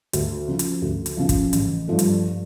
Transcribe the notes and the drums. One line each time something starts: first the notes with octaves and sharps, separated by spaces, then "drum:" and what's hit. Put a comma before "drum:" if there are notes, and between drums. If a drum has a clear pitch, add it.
D2, drum: hi-hat
C#3 F3
drum: hi-hat
D2
drum: hi-hat
C#3 F3
drum: kick, hi-hat
A1, drum: hi-hat
G2 F3 A3
drum: hi-hat